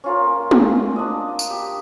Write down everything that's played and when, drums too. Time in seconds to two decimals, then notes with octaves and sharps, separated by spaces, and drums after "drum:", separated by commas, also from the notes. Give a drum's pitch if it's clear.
0.04 C#4 F4 A#4
0.24 A#3
0.51 drum: tom
0.96 D4 D#5
1.39 drum: tambourine
1.50 G4